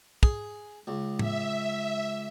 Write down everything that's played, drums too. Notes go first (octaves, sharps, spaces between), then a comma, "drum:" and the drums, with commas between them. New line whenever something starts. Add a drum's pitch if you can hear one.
G#4, drum: kick
C#2
E5, drum: tom A2